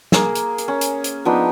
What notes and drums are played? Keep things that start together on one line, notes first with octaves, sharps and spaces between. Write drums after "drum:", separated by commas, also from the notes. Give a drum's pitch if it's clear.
A#3 G#4, drum: snare
drum: hi-hat
drum: hi-hat
C#4
drum: hi-hat
drum: hi-hat
F3 B3 D4 D#4